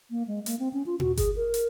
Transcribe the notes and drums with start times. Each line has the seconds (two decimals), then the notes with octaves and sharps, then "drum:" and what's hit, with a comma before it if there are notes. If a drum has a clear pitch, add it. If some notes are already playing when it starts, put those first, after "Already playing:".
0.11 A#3
0.28 G#3
0.46 A#3, drum: hi-hat
0.59 C4
0.73 C#4
0.86 F4
1.00 F#4, drum: tom A#2
1.17 G#4, drum: kick G1, hi-hat
1.36 A#4
1.54 drum: hi-hat